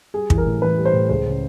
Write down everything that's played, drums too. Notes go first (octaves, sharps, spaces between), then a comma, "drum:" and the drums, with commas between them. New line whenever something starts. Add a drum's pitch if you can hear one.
G3 G#4
E3, drum: kick
A#4
A2
E3 B4
G3
C5
A2
C#2 C5
C#3